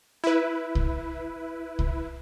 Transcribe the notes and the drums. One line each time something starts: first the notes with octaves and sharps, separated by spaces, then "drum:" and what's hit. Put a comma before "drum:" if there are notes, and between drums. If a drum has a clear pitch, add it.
E4 B4
drum: kick C2
drum: kick C2